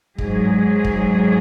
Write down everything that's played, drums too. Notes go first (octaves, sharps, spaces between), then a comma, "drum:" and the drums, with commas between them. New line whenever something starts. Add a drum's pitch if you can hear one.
G#2 F#3 G#4, drum: kick
drum: kick